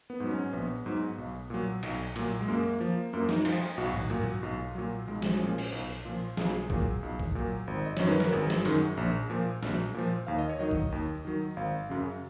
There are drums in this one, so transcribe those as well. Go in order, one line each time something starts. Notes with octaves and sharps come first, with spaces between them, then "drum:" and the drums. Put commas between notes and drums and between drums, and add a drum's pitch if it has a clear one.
B3
G#2 F#3
C#4
A#1 B3
G#2 F#3
B1
A#2 F#3
B1, drum: cymbal
A#2 F#3, drum: hi-hat
G#3
F#2 A#3
F3
F#2 A#3
D#4, drum: snare
F3 F4, drum: cymbal
B1 F#4
drum: tom
A#2 F#3, drum: tom
B1 F4
A#2 F#3
B1 G#3
G#3, drum: snare
A#2 F3 C#4
drum: cymbal
B1
A#2 F3 F4
B1 G#4, drum: snare
A#2 F#3, drum: kick
B1
drum: kick
A#2 F#3
G#1
D#5
F#2 D#3 F#3 C#5, drum: snare
B4
A#4, drum: snare
G#1 G#4
drum: snare
F#2 D#3 F#3, drum: tambourine
A#1
A#2 F3
A#1, drum: snare
A#2 F3
D#2 F5
D#5
C#5
D#3 F#3 D#5
drum: kick
D#2
D#3 F#3
G#1 F5
F#2 C#3 F#3